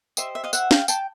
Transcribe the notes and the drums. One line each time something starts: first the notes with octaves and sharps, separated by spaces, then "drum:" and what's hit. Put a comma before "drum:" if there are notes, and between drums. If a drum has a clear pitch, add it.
G4 C5 D#5 E5, drum: tambourine
E5
D#5 F5
E5 F#5, drum: tambourine
F5 G5, drum: snare
G5 A5, drum: tambourine